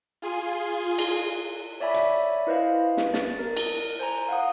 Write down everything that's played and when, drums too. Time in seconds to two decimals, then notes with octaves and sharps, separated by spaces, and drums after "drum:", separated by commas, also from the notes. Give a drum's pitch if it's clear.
0.22 F4 G#4 G#5 C6
0.98 drum: cymbal
1.80 C#5 D5 E5 G#5 B5
1.94 drum: hi-hat
2.47 E4 B4 C5 D#5 F5
2.97 drum: snare
3.14 A6, drum: snare
3.39 A#4
3.57 drum: cymbal
3.99 C5 G#5 A#5
4.29 F5 F#5 D#6